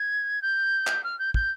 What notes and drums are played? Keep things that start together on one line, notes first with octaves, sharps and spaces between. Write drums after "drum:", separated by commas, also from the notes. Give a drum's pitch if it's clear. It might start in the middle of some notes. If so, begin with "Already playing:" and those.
Already playing: G#6
G6
drum: clap
F6
G6
G6, drum: kick